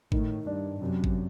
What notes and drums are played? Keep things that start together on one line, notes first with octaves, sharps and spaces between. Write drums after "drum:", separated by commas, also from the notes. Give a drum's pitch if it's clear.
A2 D#3, drum: kick G#1
G2 D4
F#2 C3
drum: kick G#1